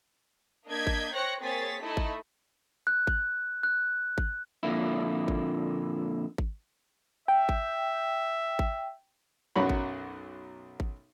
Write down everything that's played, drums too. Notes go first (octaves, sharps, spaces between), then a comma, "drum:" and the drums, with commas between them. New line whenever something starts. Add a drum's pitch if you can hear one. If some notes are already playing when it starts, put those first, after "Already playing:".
A#3 D4 D#5 G6 G#6 B6
drum: kick G#1
C5 C#5 G5 F#6 A#6 C#7
A#3 C4 G#4 C#5 A6 B6
A3 D#4 E4 A4 D#5
drum: kick G#1
F#6
drum: kick G#1
F#6
drum: kick G#1
F2 A#2 D3 A#3 E4
drum: kick G#1
drum: kick G#1
E5 G5
drum: kick G#1
drum: kick G#1
B1 F#2 F#3 F#4 C#5 B5
drum: kick G#1
drum: kick G#1